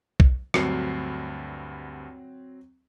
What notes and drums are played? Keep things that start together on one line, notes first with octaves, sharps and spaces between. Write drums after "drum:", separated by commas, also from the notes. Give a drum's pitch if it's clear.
drum: kick B1
D2 G2 F#3 C4 C7, drum: rim click